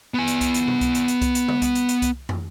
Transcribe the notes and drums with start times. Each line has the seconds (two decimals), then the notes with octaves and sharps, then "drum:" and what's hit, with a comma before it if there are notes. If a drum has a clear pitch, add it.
0.14 B3 G#5
0.28 drum: hi-hat
0.41 drum: kick C2, hi-hat
0.54 drum: hi-hat
0.68 drum: tom B2
0.81 drum: kick C2, hi-hat
0.95 drum: hi-hat
1.08 drum: hi-hat
1.22 drum: kick C2, hi-hat
1.35 drum: hi-hat
1.48 drum: tom C#3
1.62 drum: kick C2, hi-hat
1.75 drum: hi-hat
1.89 drum: hi-hat
2.02 drum: kick C2, hi-hat
2.29 drum: tom